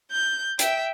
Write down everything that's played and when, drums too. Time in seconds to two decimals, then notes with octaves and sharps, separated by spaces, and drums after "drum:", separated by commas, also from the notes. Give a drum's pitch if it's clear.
0.11 G6
0.59 E5 G5, drum: hi-hat